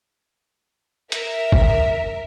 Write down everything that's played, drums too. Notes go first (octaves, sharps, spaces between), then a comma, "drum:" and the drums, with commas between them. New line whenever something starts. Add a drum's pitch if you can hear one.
A#4 E5, drum: hi-hat
drum: kick